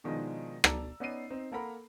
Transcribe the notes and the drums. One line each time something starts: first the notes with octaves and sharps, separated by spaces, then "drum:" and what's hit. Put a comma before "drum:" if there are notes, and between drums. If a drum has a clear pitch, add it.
B2 D#3 F3 G#3 D4 D#4
D5 A5 A#5 E6, drum: rim click
B3 C#4 D#4 D5 C7 D#7
C4 D#4
A#3 A4 A#4 F#5 A#5 B5